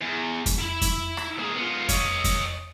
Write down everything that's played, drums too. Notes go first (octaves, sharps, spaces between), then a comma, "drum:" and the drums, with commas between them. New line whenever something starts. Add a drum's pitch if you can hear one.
E2
drum: kick F2, hi-hat
E4 B5
drum: kick F2, hi-hat
drum: rim click
A#3 G#4
B3 F4
C#5 D#5, drum: kick F2, hi-hat
drum: kick F2, hi-hat